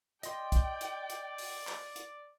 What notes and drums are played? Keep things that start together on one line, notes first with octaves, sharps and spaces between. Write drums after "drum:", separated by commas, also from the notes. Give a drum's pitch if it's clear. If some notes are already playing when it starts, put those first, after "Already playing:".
D5 D#5 G5 C6, drum: hi-hat
drum: kick, hi-hat
drum: hi-hat
drum: hi-hat
drum: open hi-hat
drum: clap
drum: hi-hat